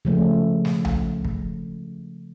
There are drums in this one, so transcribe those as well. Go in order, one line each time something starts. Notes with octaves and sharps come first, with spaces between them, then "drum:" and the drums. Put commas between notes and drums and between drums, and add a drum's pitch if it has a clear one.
C#3 F3 A3
drum: snare
drum: tom C2
drum: kick